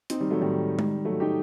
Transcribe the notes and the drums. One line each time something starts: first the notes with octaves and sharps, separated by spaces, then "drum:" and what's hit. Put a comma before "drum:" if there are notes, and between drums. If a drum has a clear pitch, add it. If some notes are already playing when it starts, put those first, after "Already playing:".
C4 D#4, drum: hi-hat
D#3 G3
F#3 A3
D#3 G3
drum: tom G#3
F#3 A3
D#4 G4